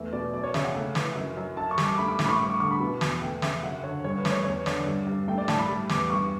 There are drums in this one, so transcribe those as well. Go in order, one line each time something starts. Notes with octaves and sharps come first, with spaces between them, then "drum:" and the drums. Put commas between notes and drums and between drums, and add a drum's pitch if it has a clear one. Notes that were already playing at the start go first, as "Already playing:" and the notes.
Already playing: E2 A3
B2 D5
F#2 D5
C#5
C#3 E5, drum: snare
F#5
A3
E3, drum: snare
F#2
F#2
F#2 A5
C#6
G3, drum: snare
D6
A3 B5
D6
A2 D6, drum: snare
B5
C#6
G2 D6
C#6
D3 C#6
B5
B2
E2, drum: snare
A3 G5
C#3 E5, drum: snare
F#2 F#5
D3 C#5
G2 C#5
B4
A3, drum: snare
C#5
E2 C#5
D3 D5, drum: snare
G2
G2
A3 G5
D5
A2 A5, drum: snare
B5
G3
E2 D6, drum: snare
G2 C#6